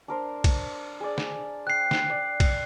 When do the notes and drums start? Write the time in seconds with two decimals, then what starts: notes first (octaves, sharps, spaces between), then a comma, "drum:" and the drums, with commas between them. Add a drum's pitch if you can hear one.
0.08 D4 A#4 C5
0.44 drum: kick, cymbal
1.01 G#4 D5
1.18 drum: snare
1.67 G5 F#6 C7
1.91 drum: snare
2.10 D5
2.40 drum: kick, cymbal